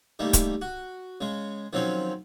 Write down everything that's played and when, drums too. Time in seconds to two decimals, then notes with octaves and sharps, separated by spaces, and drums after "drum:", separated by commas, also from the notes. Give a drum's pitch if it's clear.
0.19 D#3 G3 A3 A#3
0.33 drum: kick C#1, hi-hat
0.61 F#4
1.21 C#3 G#3
1.73 D#3 F3 F#3 C4 C#4